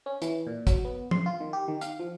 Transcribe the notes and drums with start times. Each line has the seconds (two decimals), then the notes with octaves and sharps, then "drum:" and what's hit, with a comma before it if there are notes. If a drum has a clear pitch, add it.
0.06 C#4
0.22 E3, drum: hi-hat
0.47 A#2
0.67 F#3, drum: kick, hi-hat
0.85 B3
1.11 C6, drum: tom F3
1.26 F4
1.40 D#3
1.53 G4
1.68 D#3
1.81 F5, drum: hi-hat
1.99 F3